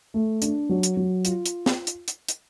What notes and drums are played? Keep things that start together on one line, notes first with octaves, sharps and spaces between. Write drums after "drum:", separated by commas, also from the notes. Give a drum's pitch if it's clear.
A3
D4, drum: hi-hat
F#3
drum: hi-hat
F#3
F4, drum: hi-hat
drum: hi-hat
drum: snare
drum: hi-hat
drum: hi-hat
drum: hi-hat